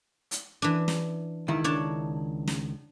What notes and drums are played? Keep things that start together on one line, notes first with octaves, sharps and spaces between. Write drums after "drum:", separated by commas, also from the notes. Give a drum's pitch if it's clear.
drum: hi-hat
E3 D4
drum: snare
C#2 D#3 E4
D4 C#5 A5
drum: snare